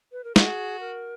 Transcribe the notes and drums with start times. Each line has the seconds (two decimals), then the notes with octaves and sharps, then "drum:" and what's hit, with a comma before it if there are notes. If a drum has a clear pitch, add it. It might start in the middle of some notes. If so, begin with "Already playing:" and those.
0.12 B4
0.24 A#4
0.36 F#4 G#4, drum: snare
0.80 A#4